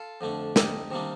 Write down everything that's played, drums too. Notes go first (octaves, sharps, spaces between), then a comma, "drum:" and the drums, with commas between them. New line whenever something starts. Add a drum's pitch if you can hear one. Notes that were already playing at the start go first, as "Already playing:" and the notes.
Already playing: F4 A4
F2 D3 A3 D4
D#4 G4, drum: snare
C3 D#3 G3 A#3 D4